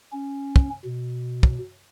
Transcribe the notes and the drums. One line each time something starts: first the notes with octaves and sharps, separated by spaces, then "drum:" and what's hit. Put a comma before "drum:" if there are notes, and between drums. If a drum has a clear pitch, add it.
C#4
drum: kick
B2
drum: kick